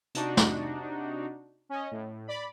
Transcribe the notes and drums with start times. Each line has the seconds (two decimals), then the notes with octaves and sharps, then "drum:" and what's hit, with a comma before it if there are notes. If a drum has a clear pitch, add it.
0.15 C3 D4 D#4 F#4, drum: hi-hat
0.37 drum: snare
1.69 C#4 D#5
1.91 A2
2.27 D5 B5